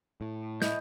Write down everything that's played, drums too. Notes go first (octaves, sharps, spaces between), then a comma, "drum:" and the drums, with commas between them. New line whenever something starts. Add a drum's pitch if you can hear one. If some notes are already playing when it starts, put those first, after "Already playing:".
A2
E4 D#5 G6, drum: snare